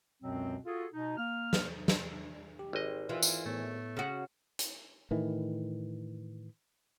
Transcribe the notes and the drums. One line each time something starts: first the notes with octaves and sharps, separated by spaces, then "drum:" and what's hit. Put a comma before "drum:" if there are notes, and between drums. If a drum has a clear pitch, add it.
C#2 F#2 B2 F#3 C4
F4 F#4 G#4 A4
B2 D#4
A#3 F6
drum: snare
drum: snare
G4
G#1 D#5
E3 F4
drum: tambourine
A2 A3 B3 C#5
C#3 F#4
drum: hi-hat
A2 D#3 E3